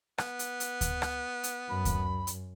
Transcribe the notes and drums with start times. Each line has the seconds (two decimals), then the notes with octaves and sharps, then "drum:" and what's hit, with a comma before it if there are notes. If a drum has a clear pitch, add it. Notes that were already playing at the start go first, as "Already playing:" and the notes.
0.18 B3, drum: rim click
0.39 drum: hi-hat
0.60 drum: hi-hat
0.81 drum: kick D2, hi-hat
1.02 drum: rim click
1.43 drum: hi-hat
1.69 F#2 B5
1.85 drum: kick D2, hi-hat
2.27 drum: hi-hat